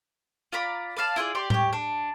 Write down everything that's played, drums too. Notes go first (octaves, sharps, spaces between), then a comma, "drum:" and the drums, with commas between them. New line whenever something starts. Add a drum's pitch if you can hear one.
F4 D5 A#5 B5
B4 D5 F5 A5
E4 F4 G#4 D5
G4 D5 C6
G4 C#5, drum: tom A2
D4